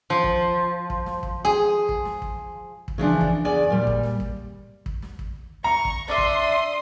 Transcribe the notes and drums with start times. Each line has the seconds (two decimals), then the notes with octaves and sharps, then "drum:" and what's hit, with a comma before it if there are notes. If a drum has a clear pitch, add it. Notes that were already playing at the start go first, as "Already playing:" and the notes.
0.10 F3
0.24 drum: kick
0.90 drum: kick
1.06 drum: snare
1.23 drum: kick
1.45 G#4
1.89 drum: kick
2.05 drum: snare
2.22 drum: kick
2.88 drum: kick
2.98 C#3 E3 F3 D4
3.21 drum: kick
3.45 E2 B3 D5 G#5
3.70 A#2 G3
3.87 drum: kick
4.03 drum: snare
4.20 drum: kick
4.86 drum: kick
5.02 drum: snare
5.19 drum: kick
5.64 A#5 C#6
5.85 drum: kick
6.08 D4 D5 E5 C6 D#6
6.18 drum: kick